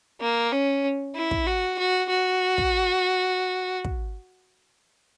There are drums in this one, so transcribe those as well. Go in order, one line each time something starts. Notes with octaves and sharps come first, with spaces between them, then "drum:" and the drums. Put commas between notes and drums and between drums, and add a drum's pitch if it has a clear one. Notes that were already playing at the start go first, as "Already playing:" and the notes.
A#3
C#4
E4
drum: kick
F#4
F#4
F#4
drum: kick
drum: kick